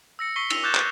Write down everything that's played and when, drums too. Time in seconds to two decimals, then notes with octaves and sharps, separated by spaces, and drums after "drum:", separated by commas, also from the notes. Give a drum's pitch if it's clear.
0.19 E6 A#6 C#7
0.36 C#6 E6 B6 C7 G7
0.50 E6 F7, drum: cymbal
0.63 D6 F#6 G6 A6 E7
0.75 G6, drum: clap